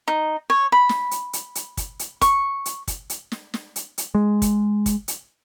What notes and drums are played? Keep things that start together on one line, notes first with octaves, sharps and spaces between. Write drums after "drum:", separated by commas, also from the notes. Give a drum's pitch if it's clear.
D#4
C#5
B5
drum: snare
drum: hi-hat
drum: hi-hat
drum: hi-hat
drum: kick, hi-hat
drum: hi-hat
C#6, drum: kick, hi-hat
drum: hi-hat
drum: kick, hi-hat
drum: hi-hat
drum: snare
drum: snare
drum: hi-hat
drum: hi-hat
G#3
drum: kick, hi-hat
drum: kick, hi-hat
drum: hi-hat